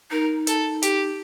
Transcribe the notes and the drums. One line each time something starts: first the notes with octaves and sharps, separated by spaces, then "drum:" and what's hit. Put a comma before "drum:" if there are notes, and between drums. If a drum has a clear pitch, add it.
D#4 A#4
A4, drum: hi-hat
G4, drum: hi-hat